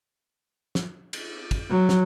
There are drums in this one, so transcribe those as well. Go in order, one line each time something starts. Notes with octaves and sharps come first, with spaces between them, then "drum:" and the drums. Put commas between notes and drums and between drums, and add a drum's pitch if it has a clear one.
drum: snare
drum: cymbal
drum: kick, cymbal
F#3
drum: snare